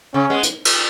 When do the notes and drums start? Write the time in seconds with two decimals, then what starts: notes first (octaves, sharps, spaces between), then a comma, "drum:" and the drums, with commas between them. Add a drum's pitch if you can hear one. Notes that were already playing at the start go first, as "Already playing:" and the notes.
0.14 C#3 C#4
0.30 G#3 B3
0.43 drum: hi-hat
0.65 drum: cymbal